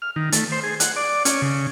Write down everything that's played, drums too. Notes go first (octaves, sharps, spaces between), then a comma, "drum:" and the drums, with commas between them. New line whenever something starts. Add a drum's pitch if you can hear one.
F6
D#3
A3, drum: hi-hat
C5
G#4
F#5, drum: hi-hat
D5
C#4, drum: hi-hat
C#3